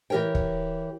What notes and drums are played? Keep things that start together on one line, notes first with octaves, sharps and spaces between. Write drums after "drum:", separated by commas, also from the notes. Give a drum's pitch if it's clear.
E3 G4 A#4 C#5 G5
drum: kick